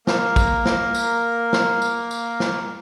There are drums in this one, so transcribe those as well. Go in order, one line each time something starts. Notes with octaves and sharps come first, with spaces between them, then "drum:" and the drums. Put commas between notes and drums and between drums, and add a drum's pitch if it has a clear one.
A#3 A#4, drum: snare
drum: kick, tambourine
drum: snare
drum: tambourine
drum: snare
drum: tambourine
drum: tambourine
drum: snare